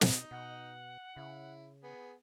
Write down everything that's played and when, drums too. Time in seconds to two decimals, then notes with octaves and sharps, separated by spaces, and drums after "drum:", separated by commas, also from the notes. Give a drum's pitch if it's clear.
0.01 B2 D#4 D#5, drum: snare
0.31 B2 F#5
1.17 C#3 E4
1.83 B3 G#4